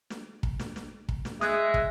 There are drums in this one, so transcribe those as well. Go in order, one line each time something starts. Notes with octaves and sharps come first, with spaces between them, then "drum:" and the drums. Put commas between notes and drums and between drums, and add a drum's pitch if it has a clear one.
drum: snare
drum: kick
drum: snare
drum: snare
drum: kick
drum: snare
G#3 E5 D#6 F#6 G#6, drum: snare
drum: kick